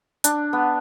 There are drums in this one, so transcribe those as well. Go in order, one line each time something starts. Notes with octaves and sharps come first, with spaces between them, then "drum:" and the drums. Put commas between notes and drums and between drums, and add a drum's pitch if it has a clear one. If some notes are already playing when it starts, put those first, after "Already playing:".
D4, drum: hi-hat
B3